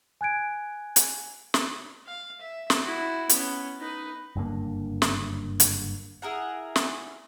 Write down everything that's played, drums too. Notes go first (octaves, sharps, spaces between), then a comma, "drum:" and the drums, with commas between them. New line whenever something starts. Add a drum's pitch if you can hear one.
G#5 F#6 G#6 D7
drum: hi-hat
drum: snare
F5
E5
drum: snare
E4 F#4
B3 C#4, drum: hi-hat
D#4 B4
F#1 G2 D3 A#3
drum: snare
drum: hi-hat
E4 G#4 A#4 F#5
drum: snare